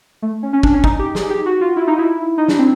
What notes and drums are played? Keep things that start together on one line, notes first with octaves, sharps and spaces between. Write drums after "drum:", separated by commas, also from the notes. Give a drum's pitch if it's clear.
A3
C#4
C#4
D4, drum: kick
C#4
D#4, drum: kick
G4
G#4, drum: snare
G4
F#4
F4
E4
D#4
E4
D#4
D4, drum: snare
C4